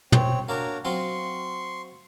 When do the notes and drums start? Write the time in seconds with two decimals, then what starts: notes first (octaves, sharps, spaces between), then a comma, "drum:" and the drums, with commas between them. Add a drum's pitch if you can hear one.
0.12 C4 C#5, drum: tom
0.49 A#3 D4 F#4 A#4 C#5 A#5
0.85 F#3 C4 F4 C6 C#6